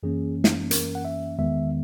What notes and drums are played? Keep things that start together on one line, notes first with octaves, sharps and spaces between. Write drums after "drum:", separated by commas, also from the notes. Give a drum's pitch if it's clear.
F#2 E3 A#3 C#4 G#4
drum: snare
A#4, drum: hi-hat
F#5
E5
E2 D#3 G#3 B3 E5